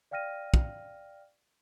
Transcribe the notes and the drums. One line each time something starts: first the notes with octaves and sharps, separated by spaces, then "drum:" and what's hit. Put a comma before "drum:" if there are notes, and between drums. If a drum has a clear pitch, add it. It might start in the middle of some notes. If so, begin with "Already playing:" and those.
D5 F5 G5 F6 A#6 D#7
drum: kick